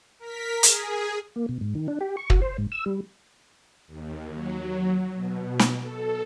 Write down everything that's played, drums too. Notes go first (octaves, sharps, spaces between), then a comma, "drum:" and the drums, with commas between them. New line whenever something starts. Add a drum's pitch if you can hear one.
A#4 B6
G#4, drum: hi-hat
A#3
B2
G#2
D#3
D4
G4
C#6
F#4, drum: kick
C5
G#2
E6
G3
D#2
F#3
B2
drum: snare
A4